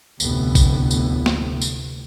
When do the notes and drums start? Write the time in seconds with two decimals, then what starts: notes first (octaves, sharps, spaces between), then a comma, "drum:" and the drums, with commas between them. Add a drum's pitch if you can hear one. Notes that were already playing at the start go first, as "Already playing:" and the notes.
0.20 F1 D2 A2 D3 B3, drum: tambourine
0.55 drum: kick A#1, tambourine
0.91 drum: tambourine
1.26 drum: snare
1.61 drum: tambourine